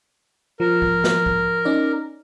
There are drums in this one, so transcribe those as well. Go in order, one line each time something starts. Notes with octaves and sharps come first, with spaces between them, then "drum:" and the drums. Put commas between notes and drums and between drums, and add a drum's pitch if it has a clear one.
F3 A#4
drum: kick C2
drum: snare
drum: kick C2
C#4 D#4 D5